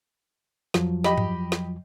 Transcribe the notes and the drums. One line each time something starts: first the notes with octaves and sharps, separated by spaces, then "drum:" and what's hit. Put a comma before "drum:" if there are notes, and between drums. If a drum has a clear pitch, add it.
F2 F3 F#3, drum: snare
G4 D#5 B5, drum: snare
drum: tom G2
drum: snare